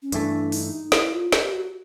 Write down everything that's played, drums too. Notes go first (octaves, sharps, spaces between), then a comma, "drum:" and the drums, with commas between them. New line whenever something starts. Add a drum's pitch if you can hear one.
C#4
G2 E3 A3 D4, drum: hi-hat
D#4, drum: open hi-hat
E4, drum: snare
F4
drum: snare
G4
F#4